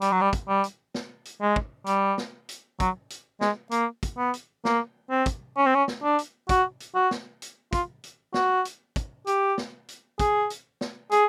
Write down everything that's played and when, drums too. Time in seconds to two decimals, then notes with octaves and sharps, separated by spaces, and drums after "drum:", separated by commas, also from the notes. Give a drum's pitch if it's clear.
0.01 G3, drum: hi-hat
0.12 F#3
0.21 G3
0.33 drum: kick, hi-hat
0.49 G3
0.64 drum: hi-hat
0.95 drum: snare
1.25 drum: hi-hat
1.41 G#3
1.56 drum: kick
1.86 G3, drum: hi-hat
2.18 drum: snare
2.49 drum: hi-hat
2.80 F#3, drum: kick, hi-hat
3.10 drum: hi-hat
3.41 G#3, drum: snare
3.71 A#3, drum: hi-hat
4.03 drum: kick, hi-hat
4.18 B3
4.34 drum: hi-hat
4.65 A#3, drum: snare
5.10 C4
5.26 drum: kick, hi-hat
5.57 C#4
5.66 C4
5.75 C#4
5.88 drum: snare
6.04 D4
6.19 drum: hi-hat
6.49 F#4, drum: kick, hi-hat
6.80 drum: hi-hat
6.95 F#4
7.11 drum: snare
7.42 drum: hi-hat
7.73 F4, drum: kick, hi-hat
8.04 drum: hi-hat
8.34 F#4, drum: snare
8.65 drum: hi-hat
8.96 drum: kick, hi-hat
9.27 G4, drum: hi-hat
9.58 drum: snare
9.88 drum: hi-hat
10.20 G#4, drum: kick, hi-hat
10.50 drum: hi-hat
10.81 drum: snare
11.11 G#4, drum: hi-hat